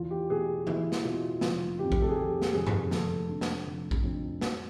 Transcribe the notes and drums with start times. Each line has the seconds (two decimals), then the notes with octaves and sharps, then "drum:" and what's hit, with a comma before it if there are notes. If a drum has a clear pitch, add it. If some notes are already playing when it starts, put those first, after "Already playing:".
Already playing: E2 F4
0.11 G4
0.30 B2 G#4
0.67 E2 E4, drum: tom E3
0.92 drum: snare
1.04 B2 F4
1.41 F1 F4, drum: snare
1.79 F2 C3 D#3 G4
1.92 drum: kick A#1
2.02 A4
2.09 G#4
2.16 F1 G4
2.42 drum: snare
2.54 F2 C3 D#3 G#4
2.67 drum: tom F#2
2.91 F1 A4, drum: snare
3.28 F2 D3
3.41 drum: snare
3.66 F1
3.91 drum: kick A#1
4.04 F2 D3
4.41 B1, drum: snare